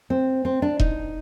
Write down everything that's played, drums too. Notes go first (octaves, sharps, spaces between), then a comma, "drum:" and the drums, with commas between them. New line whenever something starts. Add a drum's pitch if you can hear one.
C4
C4
D4
D#4, drum: kick E1